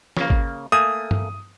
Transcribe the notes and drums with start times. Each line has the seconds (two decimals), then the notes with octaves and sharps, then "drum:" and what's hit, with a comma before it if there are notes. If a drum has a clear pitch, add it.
0.17 C#3 A#3, drum: snare
0.30 drum: kick G#1
0.72 A3 A#3 G#5 D#6
1.11 drum: tom G2